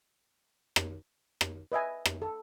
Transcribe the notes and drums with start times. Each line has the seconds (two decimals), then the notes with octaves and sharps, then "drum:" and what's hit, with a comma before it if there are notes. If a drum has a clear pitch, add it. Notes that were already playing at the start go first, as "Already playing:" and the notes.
0.76 drum: rim click
1.41 drum: rim click
1.72 B4 D#5 E5 G#5
2.05 drum: rim click
2.22 A4